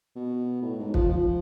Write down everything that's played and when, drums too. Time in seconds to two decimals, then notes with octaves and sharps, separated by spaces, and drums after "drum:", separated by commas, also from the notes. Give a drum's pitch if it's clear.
0.16 B2
0.62 A2
0.79 G#2
0.94 F3, drum: kick
1.09 F3